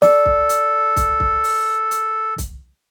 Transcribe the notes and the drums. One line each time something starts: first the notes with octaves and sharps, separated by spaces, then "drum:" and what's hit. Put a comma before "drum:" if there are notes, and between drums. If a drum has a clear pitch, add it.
A4 D5, drum: snare
drum: kick C2
drum: hi-hat
drum: kick C2, hi-hat
drum: kick C2
drum: open hi-hat
drum: hi-hat
drum: kick C2, hi-hat